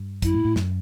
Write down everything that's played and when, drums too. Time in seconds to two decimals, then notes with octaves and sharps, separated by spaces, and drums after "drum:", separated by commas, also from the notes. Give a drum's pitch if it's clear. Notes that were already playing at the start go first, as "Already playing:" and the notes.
Already playing: G2
0.22 F#2 E4, drum: kick, hi-hat
0.34 A2
0.45 A2
0.56 F#2, drum: snare